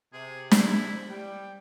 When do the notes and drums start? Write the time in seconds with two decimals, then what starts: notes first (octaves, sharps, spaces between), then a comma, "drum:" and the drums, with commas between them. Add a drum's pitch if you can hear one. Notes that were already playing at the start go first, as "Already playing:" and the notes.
0.13 C3 G#4
0.51 E4, drum: snare
1.10 G3 G5